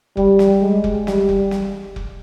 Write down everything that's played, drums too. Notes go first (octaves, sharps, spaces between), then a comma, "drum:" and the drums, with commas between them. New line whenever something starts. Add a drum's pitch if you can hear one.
G3, drum: kick F1
drum: snare
G#3
drum: kick F1
G3, drum: snare
drum: kick F1
drum: snare
drum: kick F1